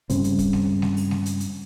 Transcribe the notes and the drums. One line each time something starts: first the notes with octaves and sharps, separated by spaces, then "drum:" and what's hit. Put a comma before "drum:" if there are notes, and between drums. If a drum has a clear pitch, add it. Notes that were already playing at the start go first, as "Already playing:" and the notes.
G2 C#3 C4, drum: hi-hat
drum: hi-hat
drum: kick, hi-hat
drum: snare G#3
drum: snare G#3
drum: open hi-hat
drum: snare G#3
drum: hi-hat
drum: hi-hat